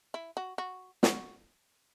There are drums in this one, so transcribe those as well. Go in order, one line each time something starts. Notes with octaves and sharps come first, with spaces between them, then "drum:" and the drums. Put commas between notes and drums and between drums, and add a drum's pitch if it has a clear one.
E4
F#4
F#4
F#4, drum: snare